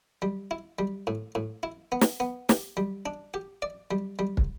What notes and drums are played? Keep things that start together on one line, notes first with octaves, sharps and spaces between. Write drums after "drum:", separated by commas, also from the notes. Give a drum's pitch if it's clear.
G3
E4
G3
A2
A2
E4
B3
drum: snare
B3
G4, drum: snare
G3
D4
G4
D5
G3
G3
drum: kick